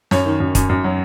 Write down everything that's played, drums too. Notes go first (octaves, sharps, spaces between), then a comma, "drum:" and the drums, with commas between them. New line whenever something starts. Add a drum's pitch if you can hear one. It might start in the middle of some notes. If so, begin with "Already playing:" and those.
F#2 C#5, drum: snare
D#3
F#2
F#2, drum: kick E1, hi-hat
F#2
F#3